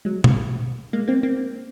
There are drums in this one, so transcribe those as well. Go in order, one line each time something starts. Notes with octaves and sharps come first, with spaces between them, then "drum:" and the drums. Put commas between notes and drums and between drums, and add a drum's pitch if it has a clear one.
F#3 G#3
drum: tom
G#3 A#3
A#3 C4
A#3 C4